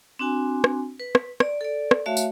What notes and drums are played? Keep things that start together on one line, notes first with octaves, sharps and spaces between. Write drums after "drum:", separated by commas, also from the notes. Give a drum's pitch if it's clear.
C4 D4 F#4 G#5
drum: rim click
B4
drum: rim click
D5, drum: rim click
A4 D5
drum: rim click
A3 F#4 C#5 E5 F5
drum: tambourine